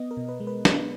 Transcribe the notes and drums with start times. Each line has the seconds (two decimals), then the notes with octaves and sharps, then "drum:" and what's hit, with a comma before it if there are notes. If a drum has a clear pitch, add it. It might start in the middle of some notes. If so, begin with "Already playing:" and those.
Already playing: B3 D#5
0.11 A#4
0.17 B2
0.29 B4
0.40 G#3
0.47 B4
0.65 D4 A#4, drum: snare